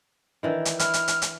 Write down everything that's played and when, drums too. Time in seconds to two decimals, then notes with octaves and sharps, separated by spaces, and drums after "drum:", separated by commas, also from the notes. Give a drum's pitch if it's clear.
0.43 D#3 E3 D4
0.65 drum: hi-hat
0.79 E4 F6, drum: hi-hat
0.94 drum: hi-hat
1.08 drum: hi-hat
1.22 drum: hi-hat